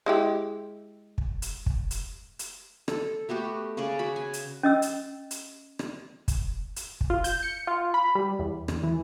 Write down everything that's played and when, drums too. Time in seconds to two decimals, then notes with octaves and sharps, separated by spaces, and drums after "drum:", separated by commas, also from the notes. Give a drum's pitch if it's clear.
0.06 G#3 E4 G4
1.18 drum: kick
1.42 drum: hi-hat
1.66 drum: kick
1.91 drum: hi-hat
2.39 drum: hi-hat
2.88 A4, drum: rim click
3.29 A3 B3 F#4 G4
3.77 C#3 C#4 G#4 D5
3.99 F#4 B5
4.16 G#5
4.33 drum: hi-hat
4.63 C#4 D#5 E6
4.82 drum: hi-hat
5.31 drum: hi-hat
5.79 drum: rim click
6.28 drum: kick, hi-hat
6.76 drum: hi-hat
7.01 drum: kick
7.10 F4
7.24 G6, drum: hi-hat
7.43 C#7
7.67 F4
7.94 B5
8.15 G3
8.39 E2
8.68 E2, drum: rim click
8.83 E3